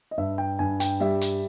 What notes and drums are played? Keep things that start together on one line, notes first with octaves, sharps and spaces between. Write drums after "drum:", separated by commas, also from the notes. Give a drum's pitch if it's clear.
D#5
G2 E5
G5
G2 G#5
G5, drum: hi-hat
G3 E5
drum: hi-hat